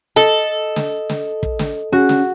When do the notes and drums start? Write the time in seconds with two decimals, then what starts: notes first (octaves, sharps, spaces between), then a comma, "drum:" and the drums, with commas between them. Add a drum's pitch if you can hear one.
0.16 A4 D#5
0.76 drum: snare
1.09 drum: snare
1.43 drum: kick
1.59 drum: snare
1.92 C#4 F#4
2.09 drum: snare